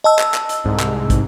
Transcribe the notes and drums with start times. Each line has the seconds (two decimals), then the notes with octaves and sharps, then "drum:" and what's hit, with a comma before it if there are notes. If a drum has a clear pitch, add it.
0.04 D#5 A5 E6
0.19 drum: clap
0.34 drum: clap
0.49 drum: hi-hat
0.64 C2 G#2
0.80 drum: clap
1.10 drum: kick, hi-hat